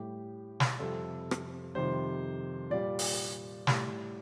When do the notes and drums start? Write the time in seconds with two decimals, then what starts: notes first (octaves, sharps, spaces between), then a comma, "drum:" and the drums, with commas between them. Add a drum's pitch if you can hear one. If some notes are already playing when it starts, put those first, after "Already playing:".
Already playing: A2 G3 G4
0.60 drum: snare
0.79 F2 C3 G3 A4
1.31 drum: rim click
1.75 F2 C3 D#3 G3 C5
2.70 A#2 G3 D5
2.99 drum: open hi-hat
3.67 A2 G3, drum: snare